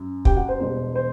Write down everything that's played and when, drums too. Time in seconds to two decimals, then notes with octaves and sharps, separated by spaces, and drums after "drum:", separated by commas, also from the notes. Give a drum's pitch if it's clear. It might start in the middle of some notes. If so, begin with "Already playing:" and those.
Already playing: F#2
0.25 G4 G5, drum: kick
0.37 F#4 F#5
0.49 C5
0.60 E1 E2 B2 G3 C5
0.96 C5